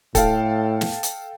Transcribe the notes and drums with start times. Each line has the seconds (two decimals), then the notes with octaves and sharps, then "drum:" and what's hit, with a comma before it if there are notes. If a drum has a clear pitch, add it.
0.15 A2 A4 F5 G5, drum: kick, hi-hat
0.81 drum: snare
1.03 drum: hi-hat